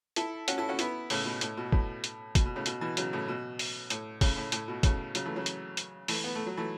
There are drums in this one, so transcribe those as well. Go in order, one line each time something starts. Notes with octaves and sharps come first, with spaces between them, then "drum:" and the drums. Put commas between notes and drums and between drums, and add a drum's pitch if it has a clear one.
E4 A4, drum: hi-hat
C#4 F#4, drum: hi-hat
E4 A4
C#4 F#4
B3 E4, drum: hi-hat
A2 C#3, drum: open hi-hat
B2
A2, drum: hi-hat
B2
A2, drum: kick
drum: hi-hat
B2, drum: kick, hi-hat
B2
A2 C#3
B2, drum: hi-hat
B2 E3
C#3 F#3, drum: hi-hat
A2 C#3
B2
drum: open hi-hat
A2, drum: hi-hat
A2 C#3, drum: kick, open hi-hat
A2
A2, drum: hi-hat
B2
A2 C#3, drum: kick, hi-hat
C#3 F#3, drum: hi-hat
E3 A3
C#3 F#3
drum: hi-hat
drum: hi-hat
E3 A3, drum: open hi-hat
B3
A3
F#3
E3 A3